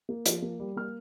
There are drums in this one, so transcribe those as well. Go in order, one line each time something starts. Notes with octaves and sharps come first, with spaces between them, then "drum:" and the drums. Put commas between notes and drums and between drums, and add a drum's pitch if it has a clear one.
A#3
F3, drum: hi-hat
A#3
G3
A#3 F6